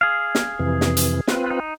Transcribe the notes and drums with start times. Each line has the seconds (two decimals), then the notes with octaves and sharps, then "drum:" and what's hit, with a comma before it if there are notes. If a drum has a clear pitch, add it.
0.01 G#4 F5
0.35 drum: snare
0.59 F2 C3 E3
0.81 drum: snare
0.97 drum: hi-hat
1.28 C4 F4 B4, drum: snare
1.51 D#4